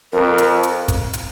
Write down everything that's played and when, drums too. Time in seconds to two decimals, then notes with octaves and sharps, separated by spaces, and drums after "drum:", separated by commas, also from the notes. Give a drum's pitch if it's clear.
0.13 F2 A#4
0.38 drum: hi-hat
0.63 drum: hi-hat
0.88 drum: kick, hi-hat
1.13 drum: hi-hat